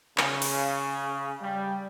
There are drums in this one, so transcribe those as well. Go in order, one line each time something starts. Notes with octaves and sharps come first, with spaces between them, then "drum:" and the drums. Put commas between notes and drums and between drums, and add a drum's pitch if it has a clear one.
C#3, drum: clap
drum: open hi-hat
G3